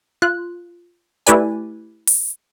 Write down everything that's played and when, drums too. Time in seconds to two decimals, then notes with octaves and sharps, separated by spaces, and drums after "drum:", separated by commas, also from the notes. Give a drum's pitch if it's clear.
0.22 F4 F#6
1.26 A3 E4 G4 B4 D5 G#5, drum: hi-hat
2.07 drum: open hi-hat